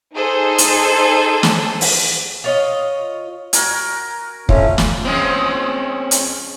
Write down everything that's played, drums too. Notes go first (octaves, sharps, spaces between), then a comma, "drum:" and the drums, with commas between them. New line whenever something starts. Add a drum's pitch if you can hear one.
D#4 G#4 A4 C5
drum: hi-hat
drum: snare
drum: open hi-hat
F4 C#5 D#5
F#4 A#4 G#5, drum: hi-hat
D3 F3 C#4 F4 C#5 E5 A5, drum: kick
drum: snare
F3 G#3 C4 C#4 F4
drum: hi-hat